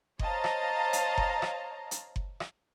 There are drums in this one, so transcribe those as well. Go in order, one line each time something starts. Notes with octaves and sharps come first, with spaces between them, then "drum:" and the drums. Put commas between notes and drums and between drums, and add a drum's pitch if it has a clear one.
C5 C#5 D#5 F5 A5 A#5, drum: kick F#1
drum: rim click
drum: hi-hat
drum: kick F#1
drum: rim click
drum: hi-hat
drum: kick F#1
drum: rim click